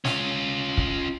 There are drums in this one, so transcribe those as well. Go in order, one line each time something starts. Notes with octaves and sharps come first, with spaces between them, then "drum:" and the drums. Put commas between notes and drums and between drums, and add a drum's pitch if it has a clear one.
C#4 F4, drum: snare
drum: kick